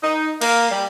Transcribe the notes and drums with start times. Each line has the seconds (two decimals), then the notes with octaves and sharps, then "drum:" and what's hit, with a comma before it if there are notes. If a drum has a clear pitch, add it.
0.03 D#4
0.41 A#3, drum: cymbal
0.71 G3